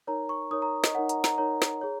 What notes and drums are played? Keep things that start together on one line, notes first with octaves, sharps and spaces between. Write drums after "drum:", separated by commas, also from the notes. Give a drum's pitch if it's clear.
D#4 A#4 C#5 A#5
C#6
D#4 A#4 C#5 D#6
A#5
D#5, drum: snare
D#4 A#4 C#5 F#5
A#5, drum: hi-hat
A#5, drum: snare
D#4 A#4 C#5 A#5
drum: snare
G#4 C#5